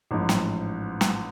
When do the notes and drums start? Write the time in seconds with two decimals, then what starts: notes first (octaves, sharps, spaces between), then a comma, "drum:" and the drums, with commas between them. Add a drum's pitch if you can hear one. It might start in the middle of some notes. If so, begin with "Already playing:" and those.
0.11 A1 G#2 F3
0.29 drum: snare
1.01 drum: snare